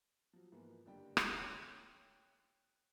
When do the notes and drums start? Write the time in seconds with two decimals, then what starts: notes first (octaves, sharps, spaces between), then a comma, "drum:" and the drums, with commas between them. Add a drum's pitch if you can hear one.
0.33 F3 F#3
0.52 G#2 E3 F3 A#3 B3
0.86 F#1 G2 D3 G3 G5
1.17 drum: rim click
1.37 C#5 G5 F#6